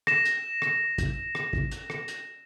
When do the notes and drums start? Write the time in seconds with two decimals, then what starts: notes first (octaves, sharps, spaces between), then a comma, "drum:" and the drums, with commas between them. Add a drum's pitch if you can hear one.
0.07 A#6 E7, drum: rim click
0.25 drum: hi-hat
0.62 drum: rim click
0.98 drum: kick, hi-hat
1.35 drum: rim click
1.53 drum: kick
1.71 drum: hi-hat
1.90 drum: rim click
2.08 drum: hi-hat